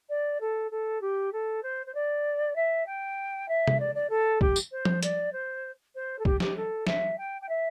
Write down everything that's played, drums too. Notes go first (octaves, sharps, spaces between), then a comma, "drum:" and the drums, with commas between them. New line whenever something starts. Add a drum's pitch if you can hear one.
D5
A4
A4
G4
A4
C5
C5
D5
E5
G5
E5
drum: tom C3
D5
D5
A4
G4, drum: kick
drum: tambourine
C5
drum: tom F3
D5, drum: hi-hat
C5
C5
A4
G4, drum: kick
G4, drum: snare F#3
A4
E5, drum: snare F#3
G5
G5
E5